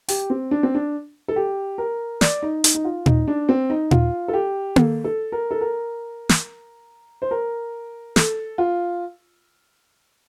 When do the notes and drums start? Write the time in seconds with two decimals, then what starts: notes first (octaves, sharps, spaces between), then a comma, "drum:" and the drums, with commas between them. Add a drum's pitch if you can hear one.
0.08 G4, drum: open hi-hat
0.30 C4
0.51 D4
0.63 C4
0.75 D4
1.28 A4
1.36 G4
1.78 A#4
2.21 D5, drum: snare
2.42 D#4
2.64 D#4, drum: hi-hat
2.75 D#4
2.85 F4
3.06 D#4, drum: tom A#2
3.28 D4
3.49 C4
3.70 D#4
3.91 F4, drum: tom A#2
4.28 A4
4.34 G4
4.76 A4, drum: tom A#3
5.04 A4
5.32 A#4
5.51 A4
5.61 A#4
6.29 drum: snare
7.22 C5
7.31 A#4
8.16 A4, drum: snare
8.58 F4